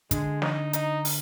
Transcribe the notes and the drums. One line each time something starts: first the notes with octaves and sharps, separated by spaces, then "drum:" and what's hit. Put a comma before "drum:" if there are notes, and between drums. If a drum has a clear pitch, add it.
D3 G#3, drum: kick, hi-hat
D#4, drum: snare
D#4, drum: hi-hat
drum: open hi-hat